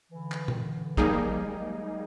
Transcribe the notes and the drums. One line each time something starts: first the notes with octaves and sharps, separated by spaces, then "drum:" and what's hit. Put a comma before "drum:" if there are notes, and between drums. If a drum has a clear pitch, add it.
D3 E3
drum: clap
D#3, drum: tom
D3 E3
F#3
D#3 F3 G3 A#3 D#4 G#4, drum: kick
F#3 G#3